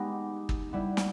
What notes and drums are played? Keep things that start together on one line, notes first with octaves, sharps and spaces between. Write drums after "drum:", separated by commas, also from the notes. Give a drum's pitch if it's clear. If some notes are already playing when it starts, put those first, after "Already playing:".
Already playing: G#3 B3 D#4 G4
drum: kick
G3 B3 E4
drum: snare